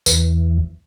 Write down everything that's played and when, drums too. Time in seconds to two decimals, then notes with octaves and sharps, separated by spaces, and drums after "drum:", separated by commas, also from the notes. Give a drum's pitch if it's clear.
0.06 E2 E3, drum: tambourine